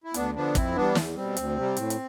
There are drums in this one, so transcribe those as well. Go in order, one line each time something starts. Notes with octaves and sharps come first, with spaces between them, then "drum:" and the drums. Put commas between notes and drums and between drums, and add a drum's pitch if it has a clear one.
E4
D2 B3 D4, drum: hi-hat
D3 F3 B3 D4
F2 C4 E4, drum: kick, hi-hat
E3 G3 B3 D4
E2, drum: snare
B2 G3 C4
D2, drum: hi-hat
C3 G3
A2, drum: hi-hat
drum: hi-hat